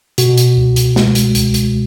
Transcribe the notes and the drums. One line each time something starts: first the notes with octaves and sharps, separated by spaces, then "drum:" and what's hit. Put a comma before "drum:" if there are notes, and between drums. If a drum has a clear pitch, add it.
B2 F#4, drum: hi-hat
drum: hi-hat
C#2
drum: hi-hat
G#3, drum: snare
drum: hi-hat
C#2, drum: hi-hat
drum: hi-hat